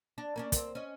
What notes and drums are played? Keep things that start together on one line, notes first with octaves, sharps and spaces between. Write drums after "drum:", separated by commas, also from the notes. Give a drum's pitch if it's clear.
D4
A#3 C#4 D4
A#3 C4, drum: kick, hi-hat
C#4 D#5